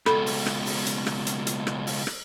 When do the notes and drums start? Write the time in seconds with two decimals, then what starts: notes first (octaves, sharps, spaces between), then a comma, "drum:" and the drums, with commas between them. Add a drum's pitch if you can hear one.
0.06 C#2 B2 A4 B5, drum: rim click
0.26 drum: open hi-hat
0.46 drum: rim click
0.66 drum: open hi-hat
0.86 drum: hi-hat
1.07 drum: rim click
1.27 drum: hi-hat
1.47 drum: hi-hat
1.67 drum: rim click
1.87 drum: open hi-hat
2.07 drum: rim click